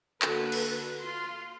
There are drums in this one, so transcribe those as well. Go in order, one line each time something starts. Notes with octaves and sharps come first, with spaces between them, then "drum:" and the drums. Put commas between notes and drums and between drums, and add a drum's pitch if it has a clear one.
D3 A#3 F#4 A4 B4, drum: clap
drum: cymbal
F4 C6